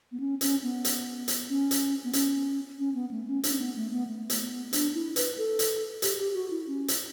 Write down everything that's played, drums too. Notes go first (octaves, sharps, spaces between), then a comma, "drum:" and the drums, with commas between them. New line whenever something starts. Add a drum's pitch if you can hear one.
B3
C#4
C#4, drum: hi-hat
B3
drum: hi-hat
drum: hi-hat
C#4
drum: hi-hat
B3
C#4, drum: hi-hat
C#4
B3
A3
C#4
D4, drum: hi-hat
C#4
B3
A3
B3
A3
drum: hi-hat
B3
D4, drum: hi-hat
E4
B4, drum: hi-hat
A4
drum: hi-hat
G4, drum: hi-hat
G4
F#4
E4
C#4
drum: hi-hat